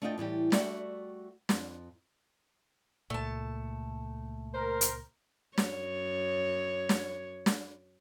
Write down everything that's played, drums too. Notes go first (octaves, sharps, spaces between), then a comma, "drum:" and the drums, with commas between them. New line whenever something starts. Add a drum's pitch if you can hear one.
A3 D4 F4 D#5 F#5 G5
A2 E3 G3 G4
G3 A3 F#4 D5 E5 G5, drum: snare
F2, drum: snare
C#2 A#2 A3 A5
A#4 C5
drum: hi-hat
F#2 C#5, drum: snare
drum: snare
drum: snare